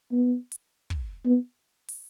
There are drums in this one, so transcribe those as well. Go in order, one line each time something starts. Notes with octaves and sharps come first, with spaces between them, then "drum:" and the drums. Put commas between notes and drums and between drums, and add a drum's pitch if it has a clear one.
B3
drum: hi-hat
drum: kick
B3
drum: open hi-hat